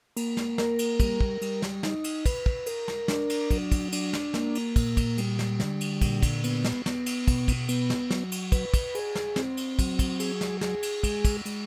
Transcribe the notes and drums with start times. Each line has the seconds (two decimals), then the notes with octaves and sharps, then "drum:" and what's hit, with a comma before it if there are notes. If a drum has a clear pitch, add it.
0.17 A#3, drum: cymbal
0.37 drum: snare
0.58 A#4, drum: snare
0.79 drum: cymbal
1.00 G3, drum: kick, cymbal
1.21 drum: kick
1.42 G3, drum: cymbal
1.62 drum: snare
1.83 D#4, drum: snare
2.04 drum: cymbal
2.26 B4, drum: kick, cymbal
2.46 drum: kick
2.66 A#4, drum: cymbal
2.88 drum: snare
3.08 D4, drum: snare
3.30 drum: cymbal
3.51 F#3, drum: kick, cymbal
3.72 drum: kick, cymbal
3.92 D4, drum: cymbal
4.13 drum: snare
4.34 A#3, drum: snare
4.55 drum: cymbal
4.76 A#2, drum: kick, cymbal
4.97 drum: kick, cymbal
5.18 G3, drum: cymbal
5.39 drum: snare
5.60 D3, drum: snare
5.81 drum: cymbal
6.01 A#2, drum: kick, cymbal
6.23 drum: kick, cymbal
6.44 B3, drum: cymbal
6.64 drum: snare
6.86 B3, drum: snare
7.06 drum: cymbal
7.28 B2, drum: kick, cymbal
7.48 drum: kick, cymbal
7.69 B3, drum: cymbal
7.90 drum: snare
8.11 F#3, drum: snare
8.32 drum: cymbal
8.52 B4, drum: kick, cymbal
8.74 drum: kick, cymbal
8.95 G#4, drum: cymbal
9.15 drum: snare
9.36 C4, drum: snare
9.57 drum: cymbal
9.79 F#3, drum: kick, cymbal
9.99 drum: kick, cymbal
10.20 G#4, drum: cymbal
10.41 drum: snare
10.61 G#4, drum: snare
10.83 drum: cymbal
11.03 G#3, drum: kick, cymbal
11.25 drum: kick, cymbal
11.45 G#3, drum: cymbal